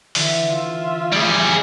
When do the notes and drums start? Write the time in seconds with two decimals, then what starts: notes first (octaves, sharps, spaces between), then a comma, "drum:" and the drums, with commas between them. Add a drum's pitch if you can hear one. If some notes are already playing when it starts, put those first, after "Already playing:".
0.15 D3 E3, drum: open hi-hat
0.51 F4 E5
1.13 G3 G#4